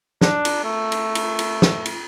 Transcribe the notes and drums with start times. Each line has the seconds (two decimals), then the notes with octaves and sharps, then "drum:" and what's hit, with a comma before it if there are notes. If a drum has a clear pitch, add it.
0.21 D4, drum: snare
0.45 drum: cymbal
0.64 A3
0.92 drum: cymbal
1.15 drum: cymbal
1.39 drum: cymbal
1.62 drum: snare
1.86 drum: cymbal